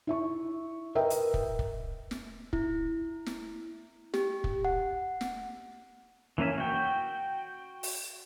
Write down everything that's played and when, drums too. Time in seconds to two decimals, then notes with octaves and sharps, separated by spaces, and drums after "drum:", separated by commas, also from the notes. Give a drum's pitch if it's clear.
0.07 E4 E5 C#6
0.95 A#4 B4 D#5 E5 G5
1.10 drum: hi-hat
1.34 drum: kick
1.59 drum: kick
2.11 drum: snare
2.53 E4, drum: kick
3.26 drum: snare
4.14 G4, drum: snare
4.44 drum: kick
4.65 F#5
5.21 drum: snare
6.38 E3 A#3 C#4 E5
6.58 F#4 G5
7.83 drum: open hi-hat